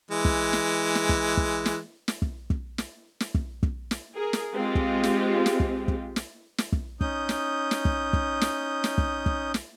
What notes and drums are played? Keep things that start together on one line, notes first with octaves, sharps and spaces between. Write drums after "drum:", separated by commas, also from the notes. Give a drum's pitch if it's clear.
E3 G#3
drum: kick
drum: snare
drum: snare
drum: kick
drum: kick
drum: snare
drum: snare
drum: kick
drum: kick
drum: snare
drum: snare
drum: kick
drum: kick
drum: snare
G#4 A#4
drum: snare
G#3 C4 F4 G4
drum: kick
drum: snare
drum: snare
drum: kick
drum: kick
drum: snare
drum: snare
drum: kick
C#4 D#4 D#6 G6, drum: kick
drum: snare
drum: snare
drum: kick
drum: kick
drum: snare
drum: snare
drum: kick
drum: kick
drum: snare